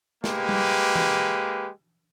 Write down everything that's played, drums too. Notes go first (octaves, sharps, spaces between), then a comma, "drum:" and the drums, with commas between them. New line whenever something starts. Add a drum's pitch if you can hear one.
G#3 A#3 G4 B4, drum: snare
drum: tom G3
drum: tom E3